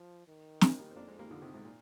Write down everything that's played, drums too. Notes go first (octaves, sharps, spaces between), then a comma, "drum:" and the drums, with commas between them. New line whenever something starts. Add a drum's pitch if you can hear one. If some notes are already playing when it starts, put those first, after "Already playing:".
Already playing: F3
D#3
F3 G#3, drum: snare
G3 A#3
C4
F2 A#3 D4
G#3 C4
G3 A#3
F2 D3 F3
C3 D#3
G#2 C3
A#2